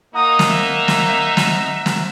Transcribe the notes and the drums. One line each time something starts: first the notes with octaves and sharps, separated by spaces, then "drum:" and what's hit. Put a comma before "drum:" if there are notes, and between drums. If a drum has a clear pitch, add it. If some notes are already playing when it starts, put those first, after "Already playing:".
A#3 D#4 F#5 A#5 D#6
drum: snare
E5
drum: snare
drum: snare
drum: snare